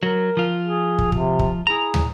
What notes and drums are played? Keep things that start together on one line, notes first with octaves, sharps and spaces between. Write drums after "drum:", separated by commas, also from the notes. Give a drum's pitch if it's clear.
F#3 A#4
F3 F4
G#4
drum: kick
C3, drum: kick
drum: kick
E4 G#4 A#5
drum: tom